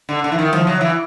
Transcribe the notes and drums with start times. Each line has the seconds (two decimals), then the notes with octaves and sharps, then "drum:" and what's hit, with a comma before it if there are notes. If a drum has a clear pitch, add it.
0.09 D3
0.24 D3
0.32 E3
0.39 D#3
0.53 F3, drum: tom D3
0.67 F#3
0.81 E3